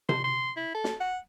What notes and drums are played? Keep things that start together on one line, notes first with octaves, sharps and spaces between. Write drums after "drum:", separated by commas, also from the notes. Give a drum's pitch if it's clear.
C6, drum: tom C3
C6
E4
A4
drum: snare
F#5